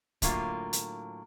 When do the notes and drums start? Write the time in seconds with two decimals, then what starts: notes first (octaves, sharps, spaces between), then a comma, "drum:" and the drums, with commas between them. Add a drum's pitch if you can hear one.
0.22 A2 D3 F#3 A#3 F4, drum: kick, hi-hat
0.73 drum: hi-hat